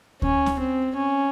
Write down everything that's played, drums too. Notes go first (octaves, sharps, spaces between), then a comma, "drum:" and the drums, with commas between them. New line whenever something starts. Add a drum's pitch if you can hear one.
C#4, drum: kick D2
drum: snare C#4
C4
C#4